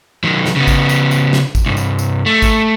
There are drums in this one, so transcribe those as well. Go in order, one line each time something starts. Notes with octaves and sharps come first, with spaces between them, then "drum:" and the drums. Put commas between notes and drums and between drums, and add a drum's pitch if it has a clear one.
D#3 F#3
drum: snare
C#3 B3
drum: kick G#1, tambourine
drum: tambourine
drum: tambourine
drum: snare
drum: kick G#1, tambourine
C2 G2
drum: tambourine
drum: tambourine
A3
drum: kick G#1, tambourine